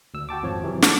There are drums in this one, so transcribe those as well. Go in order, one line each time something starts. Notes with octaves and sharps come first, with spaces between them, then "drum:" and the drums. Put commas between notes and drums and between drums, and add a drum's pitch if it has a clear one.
D2 E6
F#4 G5 A5 D6
G#1 F2 F3 C#5
C3 E3 F#3
A5 C#6, drum: snare